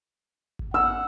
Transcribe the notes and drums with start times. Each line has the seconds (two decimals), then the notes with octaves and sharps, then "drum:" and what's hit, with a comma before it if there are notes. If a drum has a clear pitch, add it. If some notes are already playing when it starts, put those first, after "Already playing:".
0.59 drum: kick G#1
0.74 F#5 E6